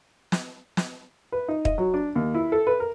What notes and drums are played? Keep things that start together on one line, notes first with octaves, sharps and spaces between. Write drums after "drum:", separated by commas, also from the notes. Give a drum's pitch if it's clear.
drum: snare
drum: snare
B4
D#4
D#5, drum: kick
F#3
D4
D#2
E4
A4
B4
A#4